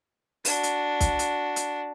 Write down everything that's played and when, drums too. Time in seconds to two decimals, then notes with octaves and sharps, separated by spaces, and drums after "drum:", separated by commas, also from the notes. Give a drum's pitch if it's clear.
0.45 D4 F#4, drum: open hi-hat
0.63 drum: hi-hat
1.00 drum: kick, hi-hat
1.19 drum: hi-hat
1.56 drum: hi-hat